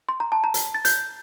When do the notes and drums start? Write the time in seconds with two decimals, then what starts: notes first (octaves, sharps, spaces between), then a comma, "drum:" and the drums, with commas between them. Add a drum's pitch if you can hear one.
0.09 C6
0.20 A#5
0.32 A5
0.44 A#5
0.54 drum: hi-hat
0.74 A6
0.85 G6, drum: hi-hat